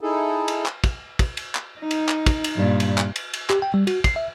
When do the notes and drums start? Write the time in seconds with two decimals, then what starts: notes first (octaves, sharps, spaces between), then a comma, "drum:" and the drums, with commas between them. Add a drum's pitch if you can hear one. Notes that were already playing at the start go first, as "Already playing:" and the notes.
0.01 D#4 E4 G#4 A4
0.48 drum: cymbal
0.66 drum: clap
0.84 drum: kick, cymbal
1.19 drum: kick, cymbal
1.37 drum: cymbal
1.55 drum: clap
1.79 D#4
1.91 drum: cymbal
2.09 drum: clap
2.26 drum: kick, cymbal
2.44 drum: cymbal
2.56 G2 A#2
2.80 drum: cymbal
2.98 drum: clap
3.16 drum: cymbal
3.34 drum: cymbal
3.50 G4, drum: clap
3.62 G5
3.74 G3
3.87 F#4, drum: cymbal
4.04 C7, drum: kick, cymbal
4.16 E5